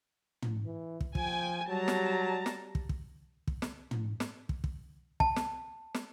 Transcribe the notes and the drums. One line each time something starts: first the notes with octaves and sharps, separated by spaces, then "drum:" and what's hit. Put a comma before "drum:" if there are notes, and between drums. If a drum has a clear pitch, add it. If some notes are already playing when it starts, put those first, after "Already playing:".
drum: tom
E3
drum: kick
F3 G5 G#5, drum: kick
F#3 G3 A5 A#5
drum: snare
drum: snare
drum: kick
drum: kick
drum: kick
drum: snare
drum: tom
drum: snare
drum: kick
drum: kick
A5, drum: kick
drum: snare
drum: snare